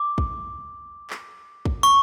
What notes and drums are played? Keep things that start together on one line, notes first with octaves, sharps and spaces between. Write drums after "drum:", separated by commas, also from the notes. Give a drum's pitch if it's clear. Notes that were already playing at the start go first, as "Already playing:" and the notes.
Already playing: D6
drum: kick
drum: clap
drum: kick
C#6